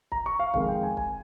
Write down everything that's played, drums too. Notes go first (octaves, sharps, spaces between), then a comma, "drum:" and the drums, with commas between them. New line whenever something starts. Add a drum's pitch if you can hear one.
A#5, drum: kick
C#6
F5
F2 D#3 G#3 F5, drum: kick
G5
G#5
G#5, drum: kick